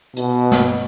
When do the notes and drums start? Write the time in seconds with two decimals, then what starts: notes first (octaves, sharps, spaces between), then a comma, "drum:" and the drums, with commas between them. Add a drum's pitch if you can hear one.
0.16 B2, drum: hi-hat
0.52 drum: snare